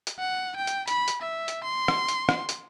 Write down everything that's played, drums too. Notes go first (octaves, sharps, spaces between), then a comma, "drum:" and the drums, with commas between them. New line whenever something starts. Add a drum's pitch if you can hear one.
drum: hi-hat
F#5
G5
drum: hi-hat
B5, drum: hi-hat
drum: hi-hat
E5
drum: hi-hat
C6
drum: rim click
drum: hi-hat
drum: rim click
drum: hi-hat